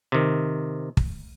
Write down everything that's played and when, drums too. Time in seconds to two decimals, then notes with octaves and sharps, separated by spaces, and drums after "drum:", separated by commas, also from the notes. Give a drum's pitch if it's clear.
0.12 C3 D#3
0.97 drum: kick